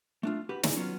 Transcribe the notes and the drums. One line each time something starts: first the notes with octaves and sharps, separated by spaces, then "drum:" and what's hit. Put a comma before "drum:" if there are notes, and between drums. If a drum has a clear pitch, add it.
A3 D4 F4
F#4 G4 B4
D#2 D#4 E4 G#4 D5, drum: snare
F#3 B3 C#4 F4